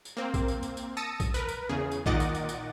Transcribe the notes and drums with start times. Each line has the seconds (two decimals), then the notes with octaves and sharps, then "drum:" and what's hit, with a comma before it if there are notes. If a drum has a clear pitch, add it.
0.05 drum: tambourine
0.17 A#3 C4
0.34 drum: kick A#1, tambourine
0.48 drum: tambourine
0.63 drum: tambourine
0.77 drum: tambourine
0.97 A5 D#6 E6 A#6 C#7 D#7
1.20 drum: kick A#1, tambourine
1.34 A#4 B4, drum: tambourine
1.49 drum: tambourine
1.69 E2 C#3 G#4
1.91 drum: tambourine
2.06 A#2 D#3 D#5 F#5 D6 A6, drum: kick A#1
2.20 drum: tambourine
2.34 drum: tambourine
2.49 drum: tambourine